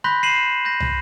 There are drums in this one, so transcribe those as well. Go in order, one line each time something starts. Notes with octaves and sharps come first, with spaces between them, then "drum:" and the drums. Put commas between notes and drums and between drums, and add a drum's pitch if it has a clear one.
B5 C6 F#6 G6 A#6 B6
C7 D#7 E7 F#7
G6 A#6
drum: tom